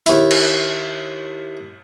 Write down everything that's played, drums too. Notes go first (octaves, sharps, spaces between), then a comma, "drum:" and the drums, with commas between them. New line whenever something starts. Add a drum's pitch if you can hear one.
D#2 E4, drum: hi-hat
drum: cymbal